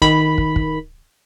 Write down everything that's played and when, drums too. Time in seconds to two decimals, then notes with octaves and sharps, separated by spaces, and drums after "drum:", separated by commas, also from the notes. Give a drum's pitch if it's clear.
0.02 D#3 B5, drum: kick
0.38 drum: kick
0.56 drum: kick